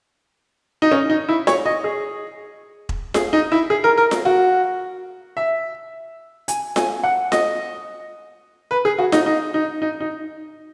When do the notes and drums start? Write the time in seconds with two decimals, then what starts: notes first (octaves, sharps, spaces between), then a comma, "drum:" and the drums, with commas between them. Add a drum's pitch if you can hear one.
0.82 D#4
0.92 C#4
1.10 D#4
1.29 E4
1.47 C#5, drum: snare F4
1.66 D#5
1.84 G#4
2.89 drum: kick E1
3.14 G#4, drum: snare F4
3.33 D#4
3.52 E4
3.70 G#4
3.84 A#4
3.97 A#4
4.11 drum: snare F4
4.25 F#4
5.37 E5
6.48 G#5, drum: hi-hat
6.76 G#5, drum: snare F4
7.03 F#5
7.32 D#5, drum: snare F4
8.71 B4
8.85 G#4
8.99 F#4
9.12 D#4, drum: snare F4
9.26 D#4
9.54 D#4
9.82 D#4
10.00 D#4